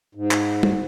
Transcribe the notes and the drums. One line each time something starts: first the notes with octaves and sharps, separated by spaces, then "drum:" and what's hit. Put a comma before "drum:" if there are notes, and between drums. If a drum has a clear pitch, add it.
G#2
drum: clap
drum: tom G3